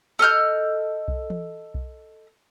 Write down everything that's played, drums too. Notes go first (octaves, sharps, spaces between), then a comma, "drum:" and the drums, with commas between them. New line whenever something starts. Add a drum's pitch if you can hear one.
A4 D#5 F6 G6
drum: kick B1
drum: tom E3
drum: kick B1